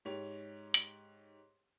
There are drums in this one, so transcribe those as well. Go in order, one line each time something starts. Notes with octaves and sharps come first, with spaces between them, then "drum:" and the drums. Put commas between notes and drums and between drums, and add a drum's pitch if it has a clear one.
G#2 G4 C#5 F7
drum: hi-hat